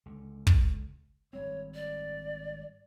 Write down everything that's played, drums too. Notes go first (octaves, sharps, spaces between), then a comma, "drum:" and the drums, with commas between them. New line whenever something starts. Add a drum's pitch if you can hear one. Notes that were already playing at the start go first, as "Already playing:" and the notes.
C#2 D3
drum: kick
G#1 G3 C4 C#5
D5